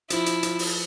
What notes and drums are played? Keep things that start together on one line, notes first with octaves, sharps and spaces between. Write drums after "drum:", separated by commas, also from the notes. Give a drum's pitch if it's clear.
F3 E4, drum: hi-hat
drum: hi-hat
F3, drum: hi-hat
drum: open hi-hat